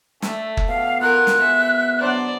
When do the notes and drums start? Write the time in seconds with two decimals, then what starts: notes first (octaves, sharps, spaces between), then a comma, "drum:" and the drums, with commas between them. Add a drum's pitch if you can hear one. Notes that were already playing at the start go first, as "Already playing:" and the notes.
0.22 A3 A4 D5, drum: snare
0.57 drum: kick
0.68 B2 F5
1.01 B3 F4 A#4 F#6
1.27 drum: snare
1.41 G#3 E5
2.01 F#3 B3 D4 C5 D5